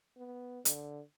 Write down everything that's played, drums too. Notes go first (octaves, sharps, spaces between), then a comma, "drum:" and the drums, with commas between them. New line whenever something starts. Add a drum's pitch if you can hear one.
B3
D3, drum: hi-hat